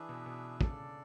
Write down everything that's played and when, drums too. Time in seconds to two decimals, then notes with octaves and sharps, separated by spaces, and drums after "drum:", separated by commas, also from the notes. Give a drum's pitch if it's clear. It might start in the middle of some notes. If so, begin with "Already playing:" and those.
Already playing: E3 D4 G#4 B4 E5
0.09 B2
0.26 B2
0.61 C#3 D4 A4 D5, drum: kick